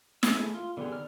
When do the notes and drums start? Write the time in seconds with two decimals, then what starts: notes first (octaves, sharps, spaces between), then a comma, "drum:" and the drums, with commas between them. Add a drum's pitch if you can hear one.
0.23 G#3 A#3 E4 B4 E6, drum: snare
0.39 A3 G#4
0.54 F4
0.77 D3 B3 D4 G4 G#4
0.92 D#3 D5 F6